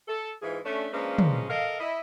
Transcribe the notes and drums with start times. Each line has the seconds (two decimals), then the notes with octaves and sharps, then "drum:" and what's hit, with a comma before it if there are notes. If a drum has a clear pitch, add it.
0.08 A4
0.42 E2 G#2 E3 D#4 F4 G#4
0.65 A3 C#4 D4
0.92 F3 G#3 A#3 C#4 D4 B4
1.18 drum: tom
1.49 A4 A#4 D#5 F5
1.79 E4 D#5